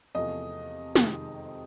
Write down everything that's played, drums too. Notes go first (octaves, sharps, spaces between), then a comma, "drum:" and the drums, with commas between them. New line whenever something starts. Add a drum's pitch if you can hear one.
E2 C3 F3 A3 D#5
F2 C3 D#3 G#3, drum: snare